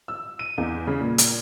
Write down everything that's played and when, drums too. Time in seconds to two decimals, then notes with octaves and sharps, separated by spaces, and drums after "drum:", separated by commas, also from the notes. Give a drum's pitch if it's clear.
0.08 E6
0.39 D#7
0.58 E2
0.87 C#3
1.00 A#2
1.18 drum: hi-hat